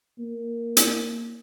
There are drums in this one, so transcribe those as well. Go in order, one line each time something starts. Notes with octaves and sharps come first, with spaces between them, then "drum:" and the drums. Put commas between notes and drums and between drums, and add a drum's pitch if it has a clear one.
A#3
drum: hi-hat